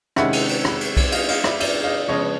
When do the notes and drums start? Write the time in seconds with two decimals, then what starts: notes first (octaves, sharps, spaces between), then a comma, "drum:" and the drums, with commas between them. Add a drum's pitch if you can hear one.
0.16 C3 D#3 G#3 C#4 E4 E5 F#5, drum: rim click
0.33 drum: cymbal
0.49 drum: cymbal
0.65 drum: rim click
0.81 drum: cymbal
0.97 drum: kick B1, cymbal
1.12 D#5 F5, drum: cymbal
1.28 D#5 F5, drum: cymbal
1.44 D5 E5, drum: rim click
1.60 D5 E5, drum: cymbal
1.84 D#5 F5
2.08 C#3 F3 G#3 B3 C#5 D#5